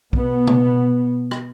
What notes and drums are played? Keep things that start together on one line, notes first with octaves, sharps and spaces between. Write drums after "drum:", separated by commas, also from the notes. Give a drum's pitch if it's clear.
B2 B3, drum: kick B1
drum: tom C3
drum: rim click